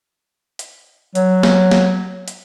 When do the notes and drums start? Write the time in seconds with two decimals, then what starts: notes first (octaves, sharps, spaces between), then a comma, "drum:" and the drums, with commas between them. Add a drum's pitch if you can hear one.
0.59 drum: hi-hat
1.15 F#3, drum: hi-hat
1.43 drum: snare
1.71 drum: snare
2.28 drum: hi-hat